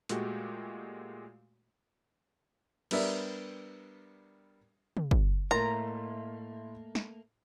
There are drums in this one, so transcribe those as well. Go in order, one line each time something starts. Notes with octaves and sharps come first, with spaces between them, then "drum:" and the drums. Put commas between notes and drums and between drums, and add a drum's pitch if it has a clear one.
A#2 G#3 A3 F#4 G4, drum: hi-hat
G3 B3 D4 A#4 D5 E5, drum: cymbal
drum: tom
drum: kick
A2 A3 A#3 A#4 D#5 A#5 C6 A6
drum: snare